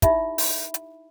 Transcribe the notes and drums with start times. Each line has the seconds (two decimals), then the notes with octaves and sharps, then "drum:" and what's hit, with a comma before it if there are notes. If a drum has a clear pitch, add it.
0.02 D#4 E4 G4 E5 B5, drum: kick, hi-hat
0.38 drum: open hi-hat
0.74 drum: hi-hat